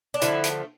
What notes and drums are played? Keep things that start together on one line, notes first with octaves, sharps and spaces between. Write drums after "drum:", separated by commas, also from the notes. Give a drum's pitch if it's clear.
D4
D3 F3 A3 E4, drum: hi-hat
drum: hi-hat